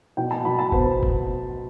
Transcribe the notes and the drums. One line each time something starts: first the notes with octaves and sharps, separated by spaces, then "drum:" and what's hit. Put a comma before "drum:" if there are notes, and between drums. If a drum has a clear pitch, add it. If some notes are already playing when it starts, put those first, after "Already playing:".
B2 G5
A5
B2 B5
A5
B3 C5, drum: kick F#1
drum: kick F#1